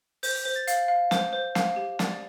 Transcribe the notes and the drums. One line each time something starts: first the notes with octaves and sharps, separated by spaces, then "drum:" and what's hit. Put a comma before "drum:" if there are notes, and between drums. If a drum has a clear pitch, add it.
C5 G6, drum: open hi-hat
C5
A6
F5, drum: hi-hat
F5
C5, drum: snare
C5
F5, drum: snare
G4
D5, drum: snare